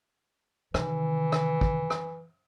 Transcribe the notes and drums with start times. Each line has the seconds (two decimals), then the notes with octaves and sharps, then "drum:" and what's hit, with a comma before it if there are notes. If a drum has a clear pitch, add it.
0.74 C3 D#3 E3, drum: rim click
1.32 drum: rim click
1.61 drum: kick
1.90 drum: rim click